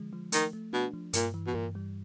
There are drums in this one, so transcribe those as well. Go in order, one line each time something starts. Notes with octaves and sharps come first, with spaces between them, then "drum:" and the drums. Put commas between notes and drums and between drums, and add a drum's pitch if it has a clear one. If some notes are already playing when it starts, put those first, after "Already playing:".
Already playing: D3 F3 G#3
F3
D#3 A3, drum: hi-hat
A3
B2 D4
F3
G2 A#2, drum: hi-hat
E3
B2
G2 A#2
G3